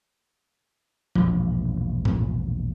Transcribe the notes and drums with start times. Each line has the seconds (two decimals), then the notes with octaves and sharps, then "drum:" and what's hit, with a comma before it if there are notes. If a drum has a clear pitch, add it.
1.15 E1 A#1, drum: tom F3
2.05 drum: tom A2